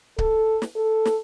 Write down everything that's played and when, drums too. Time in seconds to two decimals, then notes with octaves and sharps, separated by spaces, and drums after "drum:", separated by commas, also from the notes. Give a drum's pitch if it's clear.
0.18 A4, drum: kick C#1
0.62 drum: snare
0.76 A4
1.05 drum: snare